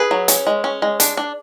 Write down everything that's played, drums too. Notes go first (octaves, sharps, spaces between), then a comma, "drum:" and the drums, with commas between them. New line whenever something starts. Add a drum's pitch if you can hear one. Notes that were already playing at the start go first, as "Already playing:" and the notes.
Already playing: G#4 B4
F#3
C#4, drum: hi-hat
G#3
C#4
G#3
D4, drum: hi-hat
D4